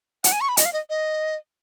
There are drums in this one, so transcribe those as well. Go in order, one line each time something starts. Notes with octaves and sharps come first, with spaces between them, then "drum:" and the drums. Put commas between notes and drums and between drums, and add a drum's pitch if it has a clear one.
F#5, drum: hi-hat
G#5
C#6
B5
D#5, drum: hi-hat
F5
D#5
D#5